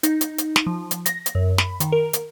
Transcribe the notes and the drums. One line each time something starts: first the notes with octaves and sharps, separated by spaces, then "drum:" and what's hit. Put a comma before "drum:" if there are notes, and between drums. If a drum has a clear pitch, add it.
D#4, drum: hi-hat
drum: hi-hat
drum: hi-hat
drum: snare
F3
drum: hi-hat
A#6, drum: hi-hat
drum: hi-hat
F#2
B5, drum: snare
D#3, drum: hi-hat
A#4
drum: hi-hat